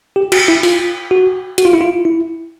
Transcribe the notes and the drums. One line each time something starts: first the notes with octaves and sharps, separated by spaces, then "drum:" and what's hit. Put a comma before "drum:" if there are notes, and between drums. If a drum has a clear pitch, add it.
G4
F#4, drum: cymbal
E4
F4, drum: open hi-hat
F#4
F#4, drum: hi-hat
F4
E4
F4
E4